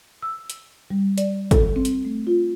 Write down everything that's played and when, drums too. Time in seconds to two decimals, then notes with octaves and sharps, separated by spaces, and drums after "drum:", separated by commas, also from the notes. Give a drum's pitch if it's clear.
0.22 E6
0.50 drum: hi-hat
0.91 G3
1.18 D5, drum: hi-hat
1.51 A4, drum: kick, hi-hat
1.76 C4
1.85 drum: hi-hat
2.05 A3
2.27 F4